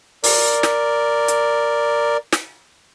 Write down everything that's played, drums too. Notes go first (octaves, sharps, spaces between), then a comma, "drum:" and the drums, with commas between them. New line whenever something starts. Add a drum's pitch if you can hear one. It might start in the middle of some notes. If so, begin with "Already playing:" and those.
A#4 D5, drum: open hi-hat
drum: snare
drum: hi-hat
drum: snare